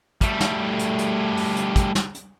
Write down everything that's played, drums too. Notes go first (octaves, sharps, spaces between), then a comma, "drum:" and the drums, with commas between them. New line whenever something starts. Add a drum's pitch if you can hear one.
G3 A3, drum: kick, hi-hat
drum: snare
drum: hi-hat
drum: hi-hat
drum: open hi-hat
drum: hi-hat
drum: kick, hi-hat
drum: snare
drum: hi-hat